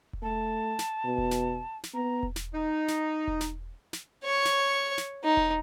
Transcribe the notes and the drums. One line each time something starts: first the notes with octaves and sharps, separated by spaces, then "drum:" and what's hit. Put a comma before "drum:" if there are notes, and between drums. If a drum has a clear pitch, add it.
drum: kick E1
A3 A5
drum: snare
B2
drum: kick E1
drum: snare
drum: snare
B3 A#5
drum: kick E1
drum: snare
D#4
drum: snare
drum: kick E1
drum: snare
drum: snare
C#5 C#6
drum: snare
drum: snare
D#4
drum: kick E1